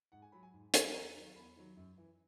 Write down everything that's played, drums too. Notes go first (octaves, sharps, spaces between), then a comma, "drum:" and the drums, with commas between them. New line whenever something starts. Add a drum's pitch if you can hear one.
G#2 F#5
G#5
F#3 B5
G#5
G#2
F#3 B5, drum: hi-hat
E2 A#5
D#3 F#3
E2 B5
D#3 F#3
F#2
E3